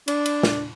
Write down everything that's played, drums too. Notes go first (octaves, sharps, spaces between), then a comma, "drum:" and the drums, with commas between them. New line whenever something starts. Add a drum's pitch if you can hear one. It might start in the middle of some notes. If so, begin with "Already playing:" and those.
D4, drum: cymbal
drum: cymbal
drum: snare